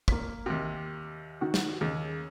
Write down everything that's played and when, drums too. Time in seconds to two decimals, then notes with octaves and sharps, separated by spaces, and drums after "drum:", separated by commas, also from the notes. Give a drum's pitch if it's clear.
0.08 A#3 B6, drum: kick
0.46 D#2 C3
1.41 D#3 F#4
1.54 drum: snare
1.81 D#2 C#3